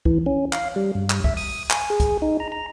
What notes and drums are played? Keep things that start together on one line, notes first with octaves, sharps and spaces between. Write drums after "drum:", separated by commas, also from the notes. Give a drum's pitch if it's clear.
E3, drum: kick
C#4
F5, drum: clap
G3
G2
drum: clap
E5, drum: kick
D#6, drum: open hi-hat
G#5, drum: clap
G#4
drum: kick, hi-hat
D#4
A#5
A#5